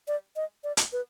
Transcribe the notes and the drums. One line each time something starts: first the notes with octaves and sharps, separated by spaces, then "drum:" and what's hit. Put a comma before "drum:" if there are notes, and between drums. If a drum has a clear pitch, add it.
D5
D#5
D5
drum: hi-hat
B4